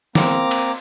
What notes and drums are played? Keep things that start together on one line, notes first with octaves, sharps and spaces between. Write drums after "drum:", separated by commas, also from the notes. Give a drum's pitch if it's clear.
A#3 C4 A#5 D6, drum: snare
drum: cymbal